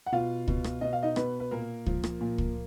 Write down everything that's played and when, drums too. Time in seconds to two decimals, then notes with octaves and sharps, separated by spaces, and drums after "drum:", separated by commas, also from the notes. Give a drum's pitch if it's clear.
0.06 F#5
0.12 B2 F4 F5
0.48 B2, drum: kick
0.64 drum: rim click
0.81 B2 D#5
0.93 F5
1.03 D#4 D#5
1.16 B2 B3 B4, drum: rim click
1.40 B4
1.51 A#2 A#3 A#4
1.86 F3, drum: kick
2.04 drum: rim click
2.21 A#2
2.38 drum: kick